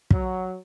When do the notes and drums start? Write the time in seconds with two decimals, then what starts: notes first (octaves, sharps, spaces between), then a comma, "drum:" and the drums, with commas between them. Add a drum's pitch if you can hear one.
0.11 F#3, drum: kick